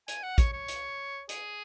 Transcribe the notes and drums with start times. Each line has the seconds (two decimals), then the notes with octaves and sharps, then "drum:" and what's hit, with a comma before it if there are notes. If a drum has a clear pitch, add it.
0.08 G#5, drum: hi-hat
0.23 F#5
0.38 C#5, drum: kick, hi-hat
0.53 C#5
0.68 drum: hi-hat
1.29 G#4, drum: hi-hat